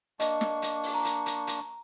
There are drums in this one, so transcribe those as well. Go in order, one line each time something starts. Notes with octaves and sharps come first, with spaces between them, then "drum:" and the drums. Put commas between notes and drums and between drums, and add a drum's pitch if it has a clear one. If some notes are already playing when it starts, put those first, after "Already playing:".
A#3 D4 D#5 C#6, drum: hi-hat
drum: snare
drum: hi-hat
drum: open hi-hat
A#5
drum: hi-hat
drum: hi-hat
drum: hi-hat